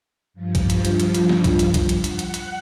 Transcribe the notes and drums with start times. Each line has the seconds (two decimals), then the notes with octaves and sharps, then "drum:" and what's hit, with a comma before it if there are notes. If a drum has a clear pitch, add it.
0.34 G2 F3
0.55 drum: kick A#1, hi-hat
0.70 drum: hi-hat
0.85 drum: hi-hat
1.00 drum: hi-hat
1.14 drum: hi-hat
1.29 drum: snare
1.44 drum: kick A#1, hi-hat
1.59 drum: hi-hat
1.74 drum: kick A#1, hi-hat
1.89 drum: hi-hat
2.04 F#5, drum: hi-hat
2.19 drum: hi-hat
2.34 drum: hi-hat